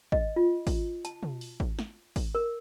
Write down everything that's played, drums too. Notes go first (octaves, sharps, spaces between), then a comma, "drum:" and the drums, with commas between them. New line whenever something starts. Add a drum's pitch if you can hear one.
D#5, drum: kick
F4
drum: kick, open hi-hat
A5, drum: hi-hat
drum: tom
drum: open hi-hat
drum: kick
drum: snare
drum: kick, open hi-hat
A#4